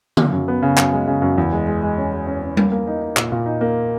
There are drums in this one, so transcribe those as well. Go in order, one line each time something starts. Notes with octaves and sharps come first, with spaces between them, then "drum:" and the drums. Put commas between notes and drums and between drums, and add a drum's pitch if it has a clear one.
C#3, drum: tom D3
F#2
B3
C#3
F#2, drum: clap
G#3
C#3
F#2
E2
G#3
G#3
G#3
C#4
G#3
C#4
C#4
A#3, drum: tom G3
A#3
D#4
D#4
A#2, drum: clap
A#2
D#4
A#3